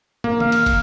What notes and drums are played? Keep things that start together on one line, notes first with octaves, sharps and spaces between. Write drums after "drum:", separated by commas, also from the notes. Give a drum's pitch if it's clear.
A#3, drum: tom
F5, drum: tom D#3
drum: cymbal
drum: kick, cymbal